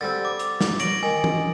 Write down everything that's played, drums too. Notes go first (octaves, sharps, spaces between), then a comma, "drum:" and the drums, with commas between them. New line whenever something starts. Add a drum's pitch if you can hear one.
D3 G3 C4 A6
D6
drum: hi-hat
drum: snare
C#5 A#6 D7 F#7, drum: hi-hat
D#3 G#5
drum: tom E3